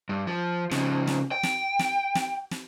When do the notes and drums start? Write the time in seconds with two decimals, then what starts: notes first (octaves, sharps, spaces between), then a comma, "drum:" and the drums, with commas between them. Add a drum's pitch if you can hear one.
0.09 G2
0.27 F3
0.71 C#3 F3, drum: snare
1.07 drum: snare
1.32 G5
1.43 drum: snare
1.79 drum: snare
2.15 drum: snare
2.51 drum: snare